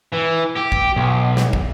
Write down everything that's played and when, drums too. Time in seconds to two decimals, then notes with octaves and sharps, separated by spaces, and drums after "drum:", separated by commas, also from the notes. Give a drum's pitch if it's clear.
0.12 E3
0.56 G4
0.72 drum: kick
0.96 B1
1.37 drum: snare
1.53 drum: kick